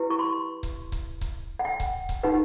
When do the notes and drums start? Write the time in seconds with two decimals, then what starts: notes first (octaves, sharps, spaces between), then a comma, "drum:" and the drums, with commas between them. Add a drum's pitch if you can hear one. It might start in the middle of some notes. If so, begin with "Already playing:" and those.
Already playing: E4 G4 B4
0.10 C#6
0.19 C6
0.63 drum: kick C#1, hi-hat
0.92 drum: kick C#1, hi-hat
1.21 drum: kick C#1, hi-hat
1.59 F#5
1.65 G5
1.80 drum: kick C#1, hi-hat
2.09 drum: kick C#1, hi-hat
2.23 D#4 G4 B4 F#5